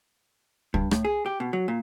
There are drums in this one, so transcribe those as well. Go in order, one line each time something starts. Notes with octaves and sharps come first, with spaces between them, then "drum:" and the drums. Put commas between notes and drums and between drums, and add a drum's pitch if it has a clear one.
G2, drum: kick C#2
A2, drum: rim click
G#4
G4
B2
F#3
A#2